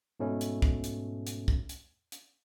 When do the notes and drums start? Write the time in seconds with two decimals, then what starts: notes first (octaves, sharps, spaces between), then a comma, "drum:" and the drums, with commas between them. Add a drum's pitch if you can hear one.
0.20 G#2 B2 A3 C#4
0.41 drum: hi-hat
0.62 drum: kick
0.84 drum: hi-hat
1.27 drum: hi-hat
1.48 drum: kick
1.69 drum: hi-hat
2.12 drum: hi-hat